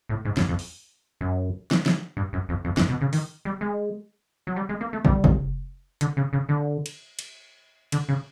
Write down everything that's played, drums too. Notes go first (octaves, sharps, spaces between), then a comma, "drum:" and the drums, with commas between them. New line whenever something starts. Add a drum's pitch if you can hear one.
A2
G#2
F#2, drum: snare
F2
drum: open hi-hat
F#2
drum: snare
drum: snare
G2
F#2
F2
F2
F#2, drum: snare
B2
C#3
D#3, drum: open hi-hat
G3
G#3
F#3
G3
G#3
A#3
A3
G3, drum: kick
drum: kick
D3, drum: hi-hat
C#3
C#3
D3
drum: cymbal
drum: cymbal
D3, drum: cymbal
C#3